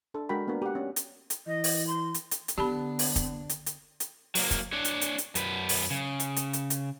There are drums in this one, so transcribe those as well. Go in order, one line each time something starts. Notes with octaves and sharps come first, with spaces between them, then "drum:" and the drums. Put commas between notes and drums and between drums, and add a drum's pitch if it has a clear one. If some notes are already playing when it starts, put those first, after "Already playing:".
D4 A4
G#3 D4 F#4 A#4 G5 B5
A#3 B3 D4 F#4 A#4
G4 F#5
C#4
drum: hi-hat
drum: hi-hat
E3 D#5
drum: open hi-hat
C6
drum: hi-hat
drum: hi-hat
drum: hi-hat
D3 B3 D4 G4 A5 B5
drum: open hi-hat
drum: kick, hi-hat
drum: hi-hat
drum: hi-hat
drum: hi-hat
F#3 A#3, drum: open hi-hat
drum: kick, hi-hat
D4 C#5
drum: hi-hat
drum: hi-hat
drum: hi-hat
F#2 B4, drum: hi-hat
drum: open hi-hat
C#3
drum: hi-hat
drum: hi-hat
drum: hi-hat
drum: hi-hat